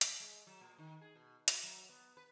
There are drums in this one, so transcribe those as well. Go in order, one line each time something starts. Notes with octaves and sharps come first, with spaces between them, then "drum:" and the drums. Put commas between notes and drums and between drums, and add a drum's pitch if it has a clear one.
drum: hi-hat
G#3
F#3
A#2
D#3
G#4
B2
F#4, drum: hi-hat
F#3
B3
B4